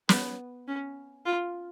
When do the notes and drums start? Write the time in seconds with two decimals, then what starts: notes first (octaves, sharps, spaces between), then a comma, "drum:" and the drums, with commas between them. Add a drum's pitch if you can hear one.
0.09 B3, drum: snare
0.68 C#4
1.26 F4